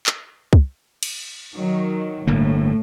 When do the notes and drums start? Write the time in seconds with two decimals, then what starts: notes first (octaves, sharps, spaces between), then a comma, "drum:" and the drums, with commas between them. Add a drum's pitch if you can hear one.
0.06 drum: clap
0.53 drum: kick
1.03 drum: cymbal
1.56 D#3 F#3
2.27 G1 A2 D3 A#3